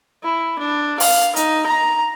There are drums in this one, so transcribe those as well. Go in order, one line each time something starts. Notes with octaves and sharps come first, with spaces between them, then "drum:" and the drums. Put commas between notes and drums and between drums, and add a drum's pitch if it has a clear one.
E4
D4
F5, drum: open hi-hat
D#4, drum: hi-hat
A#5